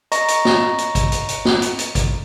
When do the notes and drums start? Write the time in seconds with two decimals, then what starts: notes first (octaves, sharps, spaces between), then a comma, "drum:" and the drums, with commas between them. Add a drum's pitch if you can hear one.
0.12 D#5 A#5 C#6 A#6, drum: hi-hat
0.28 drum: hi-hat
0.45 drum: snare
0.78 drum: hi-hat
0.95 drum: kick G#1, hi-hat
1.12 drum: hi-hat
1.28 drum: hi-hat
1.45 drum: snare
1.62 drum: hi-hat
1.79 drum: hi-hat
1.95 drum: kick G#1, hi-hat